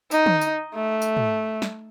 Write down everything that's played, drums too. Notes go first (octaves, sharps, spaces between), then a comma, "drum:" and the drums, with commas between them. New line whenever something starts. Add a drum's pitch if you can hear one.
D#4, drum: tambourine
drum: tom
drum: tambourine
A3
drum: tambourine
drum: tom
drum: snare